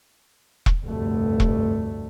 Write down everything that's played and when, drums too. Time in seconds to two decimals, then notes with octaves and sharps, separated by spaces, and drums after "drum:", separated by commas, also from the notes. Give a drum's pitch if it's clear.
0.66 drum: kick E1
0.84 F1 D2 G2 A3
1.40 drum: kick E1